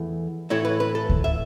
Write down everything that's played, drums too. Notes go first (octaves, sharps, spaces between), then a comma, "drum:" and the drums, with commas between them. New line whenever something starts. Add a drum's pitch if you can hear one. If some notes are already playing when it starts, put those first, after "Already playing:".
Already playing: E2 E3 A3
A2 E3 A3 E4 C#5
B4
B4
A4
drum: kick D2
E5